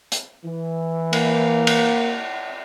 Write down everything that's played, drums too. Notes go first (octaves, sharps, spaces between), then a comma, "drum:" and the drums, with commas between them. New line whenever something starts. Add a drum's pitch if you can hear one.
drum: hi-hat
E3
A#3, drum: cymbal
drum: cymbal